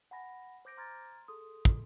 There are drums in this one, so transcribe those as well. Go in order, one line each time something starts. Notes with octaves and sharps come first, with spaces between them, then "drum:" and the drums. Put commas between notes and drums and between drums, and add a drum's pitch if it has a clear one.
F#5 G#5 B5 A#6
C5 D6 G6 A#6 D7
A#5 C6 F6 G#6 A6
G#4 A4 C6 D#6
drum: kick